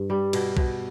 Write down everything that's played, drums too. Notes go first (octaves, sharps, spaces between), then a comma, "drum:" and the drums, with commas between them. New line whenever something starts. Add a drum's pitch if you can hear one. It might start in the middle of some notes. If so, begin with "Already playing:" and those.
Already playing: G2
G3
B2, drum: cymbal
B2, drum: kick B1